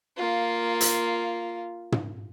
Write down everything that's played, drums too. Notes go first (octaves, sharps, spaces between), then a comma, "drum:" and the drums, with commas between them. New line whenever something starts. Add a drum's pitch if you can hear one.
A#3 F4
drum: hi-hat
drum: tom